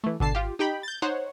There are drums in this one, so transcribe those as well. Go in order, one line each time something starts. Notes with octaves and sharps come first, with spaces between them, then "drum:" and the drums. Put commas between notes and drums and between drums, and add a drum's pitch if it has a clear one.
E3 A3
B2 D3 A5 C7, drum: kick G#1
F4 G4
D#4 G4 G5 B5
G6 A6
D#4 C5 C#5 F#5